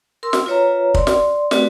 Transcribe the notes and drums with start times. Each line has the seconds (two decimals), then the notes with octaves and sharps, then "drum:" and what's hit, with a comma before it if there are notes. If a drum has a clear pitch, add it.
0.23 A#4 C6 E6
0.33 drum: snare
0.46 F4 B4 C#5 E5 A#5
0.94 D5 C6, drum: kick
1.07 drum: snare
1.51 A3 C4 F#4 G4 B4 D5, drum: snare